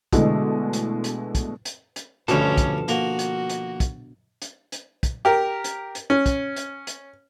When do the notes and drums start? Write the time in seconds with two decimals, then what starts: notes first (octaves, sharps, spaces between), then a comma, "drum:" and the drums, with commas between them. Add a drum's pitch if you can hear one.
0.13 B2 D3 E3 G#3 A3, drum: kick, hi-hat
0.73 drum: hi-hat
1.04 drum: hi-hat
1.35 drum: kick, hi-hat
1.65 drum: hi-hat
1.96 drum: hi-hat
2.28 D2 G2 B2 D3 F3 C#4 A4, drum: hi-hat
2.57 drum: kick, hi-hat
2.88 A#3 F#4, drum: hi-hat
3.19 drum: hi-hat
3.50 drum: hi-hat
3.80 drum: kick, hi-hat
4.42 drum: hi-hat
4.72 drum: hi-hat
5.03 drum: kick, hi-hat
5.25 G4 A#4
5.64 drum: hi-hat
5.95 drum: hi-hat
6.10 C#4
6.26 drum: kick, hi-hat
6.56 drum: hi-hat
6.87 drum: hi-hat